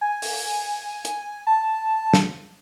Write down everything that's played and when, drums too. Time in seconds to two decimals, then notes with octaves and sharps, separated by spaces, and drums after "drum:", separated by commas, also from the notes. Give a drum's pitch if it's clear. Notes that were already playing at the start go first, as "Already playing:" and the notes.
0.01 G#5
0.22 drum: open hi-hat
1.05 drum: hi-hat
1.47 A5
2.14 drum: snare